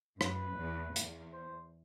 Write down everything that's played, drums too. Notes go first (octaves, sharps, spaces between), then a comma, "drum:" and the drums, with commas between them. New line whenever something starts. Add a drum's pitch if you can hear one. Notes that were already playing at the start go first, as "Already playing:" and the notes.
F#2 B4, drum: rim click
E2
E2, drum: hi-hat
C5